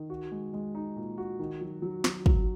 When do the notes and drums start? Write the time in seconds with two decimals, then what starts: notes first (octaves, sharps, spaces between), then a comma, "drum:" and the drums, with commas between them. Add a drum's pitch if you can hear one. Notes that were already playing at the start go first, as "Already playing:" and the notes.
Already playing: D#3
0.10 F#4
0.32 G#3
0.53 G#3
0.75 D#4
0.96 A#2
1.18 F#4
1.39 D#3
1.61 F#3
1.82 F#3
2.04 F#3, drum: snare
2.26 F#3, drum: kick